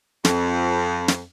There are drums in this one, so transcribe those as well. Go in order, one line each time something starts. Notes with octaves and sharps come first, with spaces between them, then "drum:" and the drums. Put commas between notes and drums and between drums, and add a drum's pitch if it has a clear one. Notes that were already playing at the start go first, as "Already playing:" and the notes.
F2, drum: snare
drum: snare